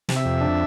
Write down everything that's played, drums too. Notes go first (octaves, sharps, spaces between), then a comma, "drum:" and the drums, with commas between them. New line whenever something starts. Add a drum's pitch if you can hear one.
C3, drum: snare
E5
F2
D4